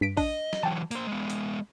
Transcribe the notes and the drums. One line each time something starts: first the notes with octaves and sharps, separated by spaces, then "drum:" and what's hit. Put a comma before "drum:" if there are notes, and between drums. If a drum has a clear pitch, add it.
G2 B6 D7
D4 D#5, drum: kick A#1, open hi-hat
drum: snare
E3 F#3 G5 A5
A#3 C5, drum: hi-hat
G#3 B3
drum: hi-hat